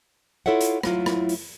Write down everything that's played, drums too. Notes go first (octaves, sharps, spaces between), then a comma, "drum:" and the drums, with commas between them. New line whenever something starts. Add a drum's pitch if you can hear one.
E4 F4 A4 C#5 E5 F#5
drum: hi-hat
F#3 A3 E4 F4, drum: rim click
drum: rim click
drum: open hi-hat